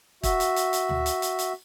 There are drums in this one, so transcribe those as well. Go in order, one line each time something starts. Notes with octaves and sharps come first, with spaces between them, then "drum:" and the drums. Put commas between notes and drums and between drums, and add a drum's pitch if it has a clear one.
F#4 E5, drum: kick, hi-hat
drum: hi-hat
drum: hi-hat
drum: hi-hat
drum: tom D2
drum: hi-hat
drum: hi-hat
drum: hi-hat